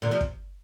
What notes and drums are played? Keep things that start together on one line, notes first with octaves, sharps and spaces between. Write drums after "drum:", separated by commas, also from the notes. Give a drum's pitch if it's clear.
A#2 D3
C3 F3
drum: kick